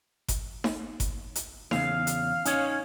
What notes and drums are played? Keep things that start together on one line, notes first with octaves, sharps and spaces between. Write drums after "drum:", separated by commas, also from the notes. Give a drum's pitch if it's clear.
drum: kick G1, hi-hat
drum: snare D#4
drum: kick G1, hi-hat
drum: hi-hat
E2 C#3 F5, drum: snare D#4
drum: hi-hat
C#4 D#4 C#5, drum: hi-hat